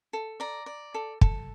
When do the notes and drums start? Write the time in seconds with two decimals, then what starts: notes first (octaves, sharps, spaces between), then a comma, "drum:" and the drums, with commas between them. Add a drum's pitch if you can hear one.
0.13 A4
0.40 D5 A#5
0.66 D5
0.94 A4
1.21 A4, drum: kick